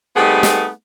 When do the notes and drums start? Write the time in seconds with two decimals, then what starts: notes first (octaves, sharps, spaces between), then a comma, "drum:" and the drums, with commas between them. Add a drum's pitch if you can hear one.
0.16 G3 A3 B3 C4 D#4 G#4
0.43 drum: snare